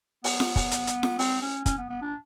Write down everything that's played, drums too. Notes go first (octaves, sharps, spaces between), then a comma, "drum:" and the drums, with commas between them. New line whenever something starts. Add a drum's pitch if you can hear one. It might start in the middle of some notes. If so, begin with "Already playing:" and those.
B3, drum: open hi-hat
drum: snare F4
drum: kick, open hi-hat
drum: hi-hat
drum: hi-hat
drum: snare F4
C4, drum: open hi-hat
C#4
C#4, drum: kick, hi-hat
B3
B3
D4